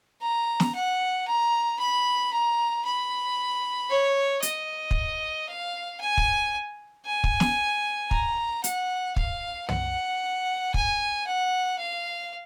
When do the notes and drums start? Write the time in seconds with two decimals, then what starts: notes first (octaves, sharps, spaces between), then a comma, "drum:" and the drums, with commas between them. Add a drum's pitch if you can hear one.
0.22 A#5
0.60 drum: snare
0.75 F#5
1.28 A#5
1.79 B5
2.33 A#5
2.85 B5
3.90 C#5
4.42 D#5, drum: hi-hat
4.91 drum: kick
5.49 F5
6.00 G#5
6.17 drum: kick
7.06 G#5
7.24 drum: kick
7.40 drum: snare
8.11 A#5, drum: kick
8.64 F#5, drum: hi-hat
9.16 F5, drum: kick
9.69 F#5, drum: tom
10.74 G#5, drum: kick
11.27 F#5
11.79 F5